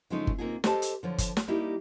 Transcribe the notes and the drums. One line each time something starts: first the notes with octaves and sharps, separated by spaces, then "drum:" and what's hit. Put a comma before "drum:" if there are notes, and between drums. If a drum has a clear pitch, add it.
C#3 F3 G#3 A3 D#4
drum: kick G1
C3 A#3 D#4 F4 G#4
G4 A4 C5 D#5 G5 A5, drum: snare
drum: hi-hat
D3 F3 C#5
drum: kick G1, hi-hat
drum: snare
G3 A#3 D#4 E4 G4 G#4